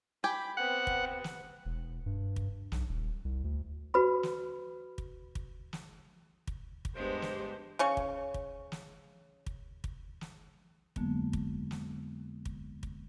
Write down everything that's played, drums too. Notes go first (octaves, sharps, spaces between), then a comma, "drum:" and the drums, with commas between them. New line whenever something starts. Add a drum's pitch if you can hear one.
G4 G5 G#5 B5
B3 C4 F#5
drum: kick
drum: snare
E1
G2
drum: kick
B1, drum: snare
D#1
C2
D2
F#4 B4 B5
drum: snare
drum: kick
drum: kick
drum: snare
drum: kick
drum: kick
G2 G#3 B3 G4 C5
drum: snare
C#3 C#4 C#6
drum: kick
drum: kick
drum: snare
drum: kick
drum: kick
drum: snare
F2 D3 F#3 G#3 A#3 B3, drum: kick
drum: kick
drum: snare
drum: kick
drum: kick